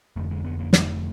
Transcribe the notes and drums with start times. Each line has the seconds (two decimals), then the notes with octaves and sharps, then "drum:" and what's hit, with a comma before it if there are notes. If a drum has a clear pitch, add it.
0.16 F1 F2 D3 A3
0.31 G#3
0.44 B3
0.59 A#3
0.73 A3, drum: snare